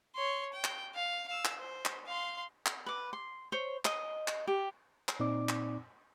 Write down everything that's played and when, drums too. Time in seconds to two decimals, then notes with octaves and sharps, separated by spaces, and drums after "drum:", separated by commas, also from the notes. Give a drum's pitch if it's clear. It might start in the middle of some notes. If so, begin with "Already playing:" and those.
0.15 C#5 C6
0.53 G5
0.64 drum: clap
0.94 F5
1.27 F5 E6
1.45 drum: clap
1.59 C5
1.85 drum: clap
2.06 F5 C6
2.66 drum: clap
2.86 B4 D6
3.13 C6
3.52 C5 C#5
3.85 D#5, drum: clap
4.28 drum: clap
4.47 G4
5.09 drum: clap
5.20 A#2 C4 D#4 D5 D6
5.49 drum: clap